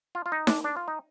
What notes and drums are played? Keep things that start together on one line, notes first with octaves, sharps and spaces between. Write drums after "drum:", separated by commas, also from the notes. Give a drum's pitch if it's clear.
F4
F4
D#4
D4, drum: snare D#4
D4
F4
D#4